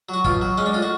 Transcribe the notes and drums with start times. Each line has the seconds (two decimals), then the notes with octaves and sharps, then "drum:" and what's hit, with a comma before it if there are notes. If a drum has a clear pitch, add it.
0.09 F#3 F#4
0.25 B2 F4, drum: kick
0.41 F#3
0.57 G#3 C#4
0.66 D4
0.73 A2 F4
0.82 F#4